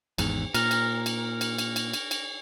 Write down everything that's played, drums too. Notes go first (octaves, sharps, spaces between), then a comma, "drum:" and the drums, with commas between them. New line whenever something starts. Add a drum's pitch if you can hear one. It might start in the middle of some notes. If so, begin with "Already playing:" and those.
G#1 E2 G#2, drum: cymbal
A#2 A#4, drum: cymbal
drum: cymbal
drum: cymbal
drum: cymbal
drum: cymbal
drum: cymbal
drum: cymbal
drum: cymbal